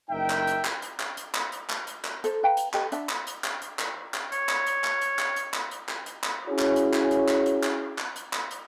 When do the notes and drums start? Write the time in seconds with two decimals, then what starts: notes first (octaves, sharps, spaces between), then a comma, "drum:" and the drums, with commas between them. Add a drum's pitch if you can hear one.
0.10 F#1 D#4 A#4 E5 G5
0.30 drum: clap
0.47 drum: hi-hat
0.65 drum: clap
0.82 drum: hi-hat
1.00 drum: clap
1.17 drum: hi-hat
1.35 drum: clap
1.52 drum: hi-hat
1.70 drum: clap
1.87 drum: hi-hat
2.05 drum: clap
2.24 A4 C5, drum: hi-hat
2.43 B4 F5 G5 A#5
2.57 drum: hi-hat
2.74 G4 A4 B4 D#5, drum: clap
2.92 D4 E5 F#5 A5, drum: hi-hat
3.09 drum: clap
3.27 drum: hi-hat
3.44 drum: clap
3.62 drum: hi-hat
3.79 drum: clap
4.14 drum: clap
4.32 C#5, drum: hi-hat
4.49 drum: clap
4.67 drum: hi-hat
4.84 drum: clap
5.01 drum: hi-hat
5.19 drum: clap
5.36 drum: hi-hat
5.54 drum: clap
5.71 drum: hi-hat
5.89 drum: clap
6.06 drum: hi-hat
6.24 drum: clap
6.47 C#4 E4 F#4 G#4 C#5
6.59 drum: clap
6.76 drum: hi-hat
6.94 drum: clap
7.11 drum: hi-hat
7.29 drum: clap
7.46 drum: hi-hat
7.63 drum: clap
7.98 drum: clap
8.16 drum: hi-hat
8.33 drum: clap
8.51 drum: hi-hat